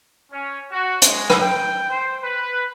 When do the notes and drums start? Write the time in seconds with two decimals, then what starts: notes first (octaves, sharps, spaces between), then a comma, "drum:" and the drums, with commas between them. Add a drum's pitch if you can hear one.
0.32 C#4
0.71 F#4
1.02 G#3, drum: hi-hat
1.30 drum: rim click
1.41 G5
1.89 C5
2.23 B4